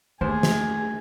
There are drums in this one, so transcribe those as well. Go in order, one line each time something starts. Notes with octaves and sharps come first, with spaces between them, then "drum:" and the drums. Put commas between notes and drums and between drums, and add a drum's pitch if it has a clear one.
D#2 A3 G#4 C5
drum: snare